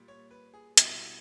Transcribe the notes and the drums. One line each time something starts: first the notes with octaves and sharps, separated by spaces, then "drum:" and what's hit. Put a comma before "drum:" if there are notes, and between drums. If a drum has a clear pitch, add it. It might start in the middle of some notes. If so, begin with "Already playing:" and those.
Already playing: A#2 G3
C#5
B4
G#4
B2 G3 E4, drum: hi-hat